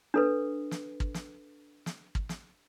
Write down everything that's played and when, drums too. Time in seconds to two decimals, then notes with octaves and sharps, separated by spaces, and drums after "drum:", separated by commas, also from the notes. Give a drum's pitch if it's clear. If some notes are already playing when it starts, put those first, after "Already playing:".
0.14 D4 A4 B4
0.71 drum: snare
1.00 drum: kick
1.14 drum: snare
1.86 drum: snare
2.15 drum: kick
2.29 drum: snare